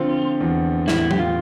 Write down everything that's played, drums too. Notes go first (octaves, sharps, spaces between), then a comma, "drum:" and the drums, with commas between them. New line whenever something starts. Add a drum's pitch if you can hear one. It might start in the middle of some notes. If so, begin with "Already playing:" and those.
Already playing: D3 F3 C4 F4
E2
A2 E4, drum: snare
G4, drum: tom F#3
F4